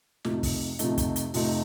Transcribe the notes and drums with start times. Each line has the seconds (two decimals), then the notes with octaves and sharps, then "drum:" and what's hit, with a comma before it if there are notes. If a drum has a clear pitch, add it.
0.24 F2 C3 F3 A3 D#4, drum: snare
0.43 drum: kick, open hi-hat
0.79 F2 C3 F3 A3 D#4, drum: hi-hat
0.98 drum: kick, hi-hat
1.16 drum: hi-hat
1.34 F2 C3 F3 A3 D#4, drum: open hi-hat